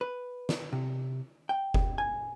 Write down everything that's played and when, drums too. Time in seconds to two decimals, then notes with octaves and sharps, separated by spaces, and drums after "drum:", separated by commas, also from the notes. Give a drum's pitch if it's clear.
0.01 B4
0.49 drum: snare
0.73 C3
1.49 G5
1.74 drum: kick F1
1.98 G#5